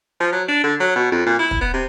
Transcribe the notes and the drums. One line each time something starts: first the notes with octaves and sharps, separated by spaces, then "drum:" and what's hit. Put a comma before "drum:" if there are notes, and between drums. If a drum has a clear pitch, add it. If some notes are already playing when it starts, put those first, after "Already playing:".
F3
F#3
D4
D3
F#3
B2
F2
A#2
E4
drum: kick
B3
C3